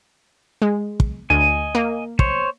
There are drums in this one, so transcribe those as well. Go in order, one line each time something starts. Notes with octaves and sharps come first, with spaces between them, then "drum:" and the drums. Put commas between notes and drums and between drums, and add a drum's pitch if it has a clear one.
G#3
drum: kick
D2 D#5 G#5
A#3
C5 C#5, drum: kick